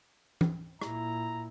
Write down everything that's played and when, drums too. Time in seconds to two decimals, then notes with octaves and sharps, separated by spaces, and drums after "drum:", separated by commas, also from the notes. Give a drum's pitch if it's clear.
0.41 drum: tom E3
0.81 A#2 E4 A#5, drum: rim click